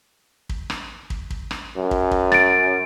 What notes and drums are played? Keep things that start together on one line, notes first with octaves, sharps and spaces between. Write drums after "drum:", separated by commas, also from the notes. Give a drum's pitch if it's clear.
drum: kick
drum: rim click
drum: kick
drum: kick
drum: rim click
F#2
drum: kick
drum: kick
A6 D7, drum: rim click